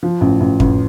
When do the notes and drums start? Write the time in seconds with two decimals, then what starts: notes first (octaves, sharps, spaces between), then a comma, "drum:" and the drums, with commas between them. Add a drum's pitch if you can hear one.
0.03 F3
0.21 A1
0.40 A1
0.60 A1, drum: kick F2